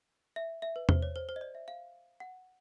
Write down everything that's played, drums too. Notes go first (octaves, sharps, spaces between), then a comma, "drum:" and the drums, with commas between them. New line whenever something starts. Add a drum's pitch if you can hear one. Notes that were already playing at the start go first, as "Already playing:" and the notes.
E5
E5
B4
C5, drum: tom E2
C#5
C5
C5
D#5
D5
E5
F5
F#5